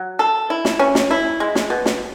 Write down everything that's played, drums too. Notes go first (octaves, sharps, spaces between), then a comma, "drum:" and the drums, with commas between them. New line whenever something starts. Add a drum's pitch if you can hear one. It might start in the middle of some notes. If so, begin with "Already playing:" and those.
Already playing: F#3
A4
E4
drum: snare
C#4
drum: snare
E4
G#3
drum: snare
B2
drum: snare